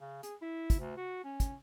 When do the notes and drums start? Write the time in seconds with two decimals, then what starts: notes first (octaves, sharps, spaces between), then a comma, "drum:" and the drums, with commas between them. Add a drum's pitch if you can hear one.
0.01 C#3
0.23 G#4, drum: hi-hat
0.42 E4
0.70 drum: kick, hi-hat
0.79 D2
0.97 F#4
1.25 C#4
1.40 drum: kick, hi-hat